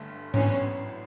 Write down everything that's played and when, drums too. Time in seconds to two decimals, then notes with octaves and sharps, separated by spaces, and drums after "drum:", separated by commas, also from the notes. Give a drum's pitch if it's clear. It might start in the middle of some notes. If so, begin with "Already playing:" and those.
Already playing: G1 G2 D3 A3
0.34 A1 A2 F#3 B3 C#4 D4, drum: tom G#2